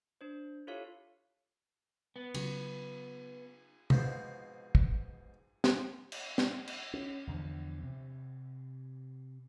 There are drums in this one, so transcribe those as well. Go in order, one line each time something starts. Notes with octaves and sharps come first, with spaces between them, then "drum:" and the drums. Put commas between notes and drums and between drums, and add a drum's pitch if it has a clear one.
D4 C5
E4 F4 G4 A4 C#5 F5
B3
C#3 F#3, drum: cymbal
G#2 B2 F3 C4, drum: tom C3
drum: kick
drum: snare
drum: cymbal
drum: snare
drum: cymbal
C#4
E2 D3 F3
C3